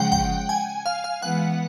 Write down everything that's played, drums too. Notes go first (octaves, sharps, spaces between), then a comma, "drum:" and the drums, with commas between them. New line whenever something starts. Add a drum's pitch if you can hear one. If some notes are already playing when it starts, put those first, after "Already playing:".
Already playing: C#3 F3 G#3 F#5 G5
G5, drum: kick
G#5
F5
F5
E3 G#3 B3 F#5